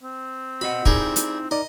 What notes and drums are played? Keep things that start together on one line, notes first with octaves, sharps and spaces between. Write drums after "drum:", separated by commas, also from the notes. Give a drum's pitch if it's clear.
C4
F#4 D#5 F#5 B5
G3 D#4 E4 G#4 A#4, drum: kick
drum: hi-hat
D#4 A#4 D5 D#5